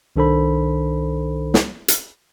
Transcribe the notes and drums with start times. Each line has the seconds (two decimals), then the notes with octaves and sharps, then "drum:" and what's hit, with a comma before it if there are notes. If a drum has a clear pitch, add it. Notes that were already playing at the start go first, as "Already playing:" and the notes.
0.16 C2 D#3 D4 A4 C5 B5
1.54 drum: snare
1.88 drum: hi-hat